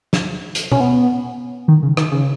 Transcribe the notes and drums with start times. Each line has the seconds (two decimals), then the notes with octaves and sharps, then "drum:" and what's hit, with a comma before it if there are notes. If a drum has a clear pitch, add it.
0.13 drum: snare
0.55 drum: hi-hat
0.72 C#4, drum: tom B2
0.80 B3
1.68 D#3
1.83 C#3
1.97 D#3, drum: rim click
2.12 C#3